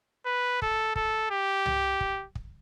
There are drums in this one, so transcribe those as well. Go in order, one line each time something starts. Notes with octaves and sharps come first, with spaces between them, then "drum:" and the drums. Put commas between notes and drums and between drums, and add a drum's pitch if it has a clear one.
B4
A4, drum: kick
A4, drum: kick
G4
drum: tom C2
drum: kick
drum: kick